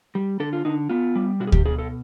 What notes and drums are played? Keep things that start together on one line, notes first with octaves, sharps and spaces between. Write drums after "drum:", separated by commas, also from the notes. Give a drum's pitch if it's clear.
G3
D3 A4
F4
D3 D#4
B3 F4
G3
B2 F#4
G#4
G4, drum: kick D2
B2 G#4
A4